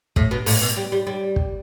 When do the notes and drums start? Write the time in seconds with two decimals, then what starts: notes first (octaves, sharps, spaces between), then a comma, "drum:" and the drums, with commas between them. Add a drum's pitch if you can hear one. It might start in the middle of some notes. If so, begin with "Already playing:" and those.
0.16 A2, drum: kick
0.31 B2
0.46 A2, drum: open hi-hat
0.61 B2
0.77 G3
0.92 G3
1.07 G3
1.36 drum: kick